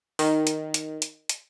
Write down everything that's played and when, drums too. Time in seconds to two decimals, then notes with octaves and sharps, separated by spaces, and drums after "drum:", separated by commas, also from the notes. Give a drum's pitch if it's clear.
0.19 D#3, drum: open hi-hat
0.47 drum: hi-hat
0.74 drum: hi-hat
1.02 drum: hi-hat
1.29 drum: hi-hat